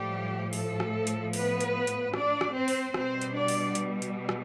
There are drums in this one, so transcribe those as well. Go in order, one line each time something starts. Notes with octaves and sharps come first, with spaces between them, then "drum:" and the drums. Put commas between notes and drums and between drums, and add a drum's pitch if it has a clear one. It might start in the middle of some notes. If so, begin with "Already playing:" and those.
Already playing: A2 F3 G3 A3 G4
A3 A4, drum: open hi-hat
drum: rim click
drum: hi-hat
B3 B4, drum: open hi-hat
drum: hi-hat
drum: hi-hat
D4 D5, drum: rim click
drum: rim click
C4 C5
drum: open hi-hat
B2 G3 C4 C5, drum: rim click
drum: hi-hat
D4 D5
drum: open hi-hat
drum: hi-hat
drum: hi-hat
drum: rim click